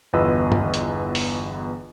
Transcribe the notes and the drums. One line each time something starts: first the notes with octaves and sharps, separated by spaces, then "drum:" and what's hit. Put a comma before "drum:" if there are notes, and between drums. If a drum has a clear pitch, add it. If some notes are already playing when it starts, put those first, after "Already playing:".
G1 E2 F4 B4 D#5 E6
drum: tom G2
drum: hi-hat
drum: open hi-hat